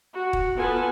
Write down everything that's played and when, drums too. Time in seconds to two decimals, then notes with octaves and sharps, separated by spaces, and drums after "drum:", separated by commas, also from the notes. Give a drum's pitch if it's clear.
0.14 F#4
0.33 drum: kick D#1
0.56 B3 F4 A4 B4 G#5 A5